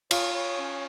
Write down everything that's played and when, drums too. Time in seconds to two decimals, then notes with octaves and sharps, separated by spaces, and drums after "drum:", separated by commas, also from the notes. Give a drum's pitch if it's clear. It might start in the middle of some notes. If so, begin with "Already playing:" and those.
0.11 F4 C#5, drum: cymbal
0.34 C#5
0.58 C#4